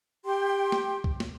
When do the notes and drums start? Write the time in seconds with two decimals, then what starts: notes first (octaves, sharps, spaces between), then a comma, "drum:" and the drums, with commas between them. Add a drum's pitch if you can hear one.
0.24 G4 G5 C6
0.72 drum: snare
1.04 drum: kick C2
1.20 drum: snare